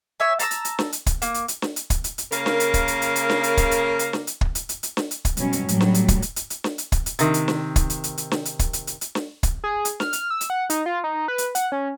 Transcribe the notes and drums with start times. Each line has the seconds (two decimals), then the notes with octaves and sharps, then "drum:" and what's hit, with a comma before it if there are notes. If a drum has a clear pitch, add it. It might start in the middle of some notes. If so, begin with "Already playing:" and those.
0.20 C#5 E5 G#5
0.39 A5 A#5 C6 E6, drum: hi-hat
0.51 drum: hi-hat
0.65 drum: hi-hat
0.79 drum: snare
0.92 drum: hi-hat
1.06 drum: kick, hi-hat
1.22 A#3, drum: hi-hat
1.34 drum: hi-hat
1.48 drum: hi-hat
1.62 drum: snare
1.76 drum: hi-hat
1.90 drum: kick, hi-hat
2.04 drum: hi-hat
2.18 drum: hi-hat
2.32 C#3 A#3 A#4, drum: hi-hat
2.46 drum: snare
2.60 drum: hi-hat
2.74 drum: kick, hi-hat
2.88 drum: hi-hat
3.02 drum: hi-hat
3.16 drum: hi-hat
3.30 drum: snare
3.43 drum: hi-hat
3.57 drum: kick, hi-hat
3.71 drum: hi-hat
3.99 drum: hi-hat
4.13 drum: snare
4.27 drum: hi-hat
4.41 drum: kick
4.55 drum: hi-hat
4.69 drum: hi-hat
4.83 drum: hi-hat
4.97 drum: snare
5.11 drum: hi-hat
5.25 drum: kick, hi-hat
5.37 B2 F#3 G3 C#4, drum: hi-hat
5.53 drum: hi-hat
5.68 A2 F#3 G3, drum: hi-hat
5.80 drum: snare
5.94 drum: hi-hat
6.08 drum: kick, hi-hat
6.22 drum: hi-hat
6.36 drum: hi-hat
6.50 drum: hi-hat
6.64 drum: snare
6.78 drum: hi-hat
6.92 drum: kick, hi-hat
7.06 drum: hi-hat
7.19 C3 D#3, drum: hi-hat
7.34 drum: hi-hat
7.48 drum: snare
7.76 drum: kick, hi-hat
7.90 drum: hi-hat
8.04 drum: hi-hat
8.18 drum: hi-hat
8.31 drum: snare
8.45 drum: hi-hat
8.59 drum: kick, hi-hat
8.73 drum: hi-hat
8.87 drum: hi-hat
9.01 drum: hi-hat
9.15 drum: snare
9.43 drum: kick, hi-hat
9.64 G#4
9.85 drum: hi-hat
10.00 F6, drum: snare
10.13 drum: hi-hat
10.31 E6
10.41 drum: hi-hat
10.50 F#5
10.70 D#4, drum: hi-hat
10.86 F4
11.04 D#4
11.28 B4
11.38 drum: hi-hat
11.55 F#5, drum: hi-hat
11.72 C#4